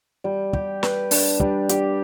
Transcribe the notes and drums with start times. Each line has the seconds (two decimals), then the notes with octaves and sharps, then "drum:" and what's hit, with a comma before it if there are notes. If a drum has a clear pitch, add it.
0.24 G3
0.53 G4, drum: kick
0.83 B4, drum: snare
1.11 D4, drum: open hi-hat
1.40 G3, drum: kick
1.69 G4, drum: hi-hat